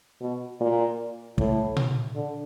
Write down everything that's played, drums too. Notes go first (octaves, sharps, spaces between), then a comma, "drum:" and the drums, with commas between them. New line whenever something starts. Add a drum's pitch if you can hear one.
B2
A#2
A2, drum: kick
drum: tom A#2
D3